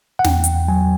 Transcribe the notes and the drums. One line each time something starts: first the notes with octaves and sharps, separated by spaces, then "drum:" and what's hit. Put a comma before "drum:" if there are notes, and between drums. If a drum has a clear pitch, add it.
F#5
E2 G5, drum: snare
drum: hi-hat
F#3 G#5